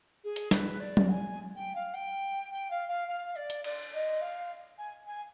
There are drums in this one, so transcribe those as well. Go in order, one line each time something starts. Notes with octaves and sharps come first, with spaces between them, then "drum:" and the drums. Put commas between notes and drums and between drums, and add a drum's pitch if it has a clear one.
G#4
drum: hi-hat
B4, drum: snare
D5
drum: tom F#3
G#5
G5
F5
G5
G5
F5
F5
F5
D5
drum: hi-hat
D5, drum: cymbal
D#5
F5
G#5
G#5